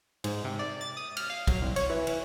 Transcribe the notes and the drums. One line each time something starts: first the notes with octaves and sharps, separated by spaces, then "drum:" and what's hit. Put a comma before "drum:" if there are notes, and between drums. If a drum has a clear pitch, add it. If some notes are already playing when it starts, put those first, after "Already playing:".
G#2, drum: cymbal
C3
D5
A6
D#6
F6, drum: cymbal
F5
F#3, drum: kick, cymbal
C2
C#5, drum: cymbal
E3
drum: cymbal